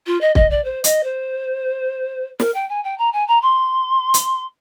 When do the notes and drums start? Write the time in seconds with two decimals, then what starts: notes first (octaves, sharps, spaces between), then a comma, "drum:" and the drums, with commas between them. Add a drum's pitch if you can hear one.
0.06 F4
0.21 D#5
0.35 D#5, drum: kick
0.50 D5
0.64 C5
0.84 D#5, drum: hi-hat
1.03 C5
2.40 A#4, drum: snare
2.54 G5
2.69 G#5
2.84 G5
2.98 A#5
3.13 G#5
3.28 A#5
3.42 C6
4.14 drum: hi-hat